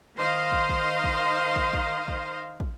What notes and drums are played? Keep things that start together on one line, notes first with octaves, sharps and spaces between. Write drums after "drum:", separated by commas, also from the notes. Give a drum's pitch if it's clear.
D#3 C5 D#5 F5 C6
drum: kick
drum: kick
drum: kick
drum: kick
drum: kick
drum: kick
drum: kick